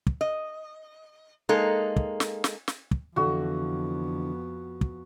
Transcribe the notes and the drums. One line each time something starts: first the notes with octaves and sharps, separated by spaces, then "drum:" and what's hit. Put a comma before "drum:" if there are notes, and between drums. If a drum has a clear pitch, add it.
drum: kick
D#5
G#3 A#3 D#4 A4
drum: kick
drum: snare
drum: snare
drum: snare
drum: kick
F2 D3 E3 B3 F#4
drum: kick